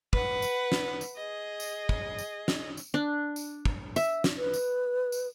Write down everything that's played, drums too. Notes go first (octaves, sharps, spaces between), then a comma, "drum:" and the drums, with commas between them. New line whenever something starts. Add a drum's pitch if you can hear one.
B4 F#5, drum: kick
drum: tambourine
drum: snare
drum: tambourine
G#4 D#5
drum: tambourine
drum: kick
drum: tambourine
drum: snare
drum: tambourine
D4
drum: tambourine
drum: kick
E5, drum: tambourine
drum: snare
B4
drum: tambourine
drum: tambourine